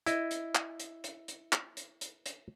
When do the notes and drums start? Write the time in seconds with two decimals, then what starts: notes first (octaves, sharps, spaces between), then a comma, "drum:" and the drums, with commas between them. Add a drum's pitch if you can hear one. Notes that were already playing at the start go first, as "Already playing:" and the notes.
0.06 E4 D#5, drum: hi-hat
0.31 drum: hi-hat
0.55 drum: clap
0.80 drum: hi-hat
1.04 drum: hi-hat
1.28 drum: hi-hat
1.53 drum: clap
1.77 drum: hi-hat
2.01 drum: hi-hat
2.26 drum: hi-hat